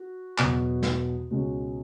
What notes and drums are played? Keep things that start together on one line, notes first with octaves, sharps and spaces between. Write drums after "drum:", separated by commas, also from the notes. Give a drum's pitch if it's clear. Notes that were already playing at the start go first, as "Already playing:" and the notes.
Already playing: F#4
E2 B2 F#3, drum: clap
drum: snare
C#2 B2 G#3 C#4 F#4